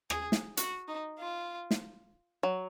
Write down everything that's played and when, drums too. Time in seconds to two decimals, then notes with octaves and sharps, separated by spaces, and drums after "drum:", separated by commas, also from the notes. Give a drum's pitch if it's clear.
0.10 G#4, drum: rim click
0.32 drum: snare
0.57 F#4, drum: hi-hat
0.88 D#4
1.19 F4
1.71 drum: snare
2.43 F#3